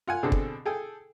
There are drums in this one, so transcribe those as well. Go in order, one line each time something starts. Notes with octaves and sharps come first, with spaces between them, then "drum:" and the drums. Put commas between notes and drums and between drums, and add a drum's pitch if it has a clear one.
F4 F#5 G#5
B2 D3 C4 D4 G#4 A4
drum: kick
G#4 A4 G5 G#5